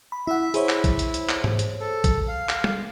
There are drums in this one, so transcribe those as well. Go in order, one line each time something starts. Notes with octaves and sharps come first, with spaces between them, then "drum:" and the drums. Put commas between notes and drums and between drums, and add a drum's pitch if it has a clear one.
B5
E4 E5 F#5
E4 G#4 C5 C#5, drum: hi-hat
drum: clap
drum: kick, hi-hat
drum: hi-hat
drum: hi-hat
drum: clap
drum: tom G#2
drum: hi-hat
A4
drum: kick, hi-hat
F5
drum: clap
drum: tom